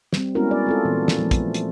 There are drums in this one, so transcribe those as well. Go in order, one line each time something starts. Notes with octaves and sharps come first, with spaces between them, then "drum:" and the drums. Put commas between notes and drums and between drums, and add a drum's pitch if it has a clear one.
G3 C4, drum: snare
G#3 B3 C#4 E4 F#4 A#4
D5
C4 F4 A4
A#2 E3 B3
drum: snare
F3 A3
drum: kick, hi-hat
drum: hi-hat